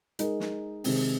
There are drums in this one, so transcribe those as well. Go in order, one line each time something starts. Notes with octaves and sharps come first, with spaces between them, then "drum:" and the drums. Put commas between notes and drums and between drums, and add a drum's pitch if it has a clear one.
G#3 D#4 A#4, drum: hi-hat
drum: snare
C3 D#3 G#3 C4, drum: open hi-hat